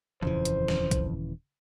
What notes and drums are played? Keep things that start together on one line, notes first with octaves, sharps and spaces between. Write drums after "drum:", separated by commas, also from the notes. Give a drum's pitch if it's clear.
D#1 F2 C#3 E3 C5
drum: hi-hat
drum: snare
drum: kick, hi-hat